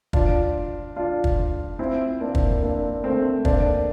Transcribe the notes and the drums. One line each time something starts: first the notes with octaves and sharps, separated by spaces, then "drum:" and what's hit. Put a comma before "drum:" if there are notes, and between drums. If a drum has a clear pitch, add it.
D4 F4, drum: kick
D4 F4
drum: kick
C4 E4
A#3 D4
drum: kick
A#3 D4
A3 C4
A#3 D4, drum: kick